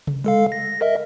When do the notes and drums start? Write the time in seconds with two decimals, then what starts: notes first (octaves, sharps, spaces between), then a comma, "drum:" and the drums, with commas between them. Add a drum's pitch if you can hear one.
0.07 drum: tom C3
0.24 G#3 A4 F5
0.52 A#6
0.81 A#4 D#5 E5